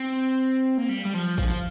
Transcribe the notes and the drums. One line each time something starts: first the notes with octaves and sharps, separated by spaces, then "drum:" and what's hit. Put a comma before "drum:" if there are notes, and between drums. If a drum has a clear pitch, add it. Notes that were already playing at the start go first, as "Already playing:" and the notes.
Already playing: C4
A#3
G3
G3
F3
F3, drum: kick